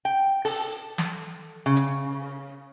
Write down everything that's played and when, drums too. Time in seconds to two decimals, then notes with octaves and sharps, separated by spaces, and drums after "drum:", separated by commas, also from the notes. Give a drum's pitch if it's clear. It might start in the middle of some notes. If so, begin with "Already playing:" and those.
0.05 G5
0.45 A4, drum: open hi-hat
0.98 drum: snare
1.66 C#3
1.76 drum: hi-hat